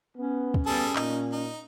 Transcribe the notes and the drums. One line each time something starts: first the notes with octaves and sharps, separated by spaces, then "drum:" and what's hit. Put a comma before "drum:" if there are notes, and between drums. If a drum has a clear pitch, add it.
B3 C#4
drum: kick
G3 B3 G#4 A4
A#2 D#4, drum: clap
D#4